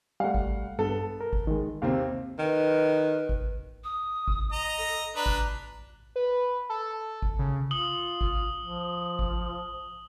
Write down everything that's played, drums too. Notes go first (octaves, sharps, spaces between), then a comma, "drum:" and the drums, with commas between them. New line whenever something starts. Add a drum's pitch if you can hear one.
G3 A3 F5 F#5
drum: kick G#1
G2 B3 A4
A#4
drum: kick G#1
D#3 G#3
D#2 C3 C4 F5
D#3 B4
drum: kick G#1
D#6
drum: kick G#1
D#5 A#5
A4
D4 B4 A#5
drum: kick G#1
B4
A4
drum: kick G#1
C#3
F4 D#6 F#7 G7
drum: kick G#1
F3
drum: kick G#1